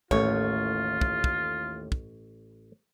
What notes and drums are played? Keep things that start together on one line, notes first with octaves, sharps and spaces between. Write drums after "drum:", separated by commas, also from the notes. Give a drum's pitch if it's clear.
A1 D#2 A2 A3 F4 C#5, drum: kick
drum: kick
drum: kick
drum: kick